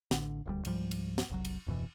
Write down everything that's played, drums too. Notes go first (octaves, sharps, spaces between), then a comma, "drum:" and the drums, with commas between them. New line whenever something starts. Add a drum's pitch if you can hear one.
A1 D3, drum: snare
D#1 D2 G3
C#2 G#2 F3 G3, drum: cymbal
drum: cymbal
drum: snare
F#1 C2 F#3
drum: cymbal
D1 F2 B2 E3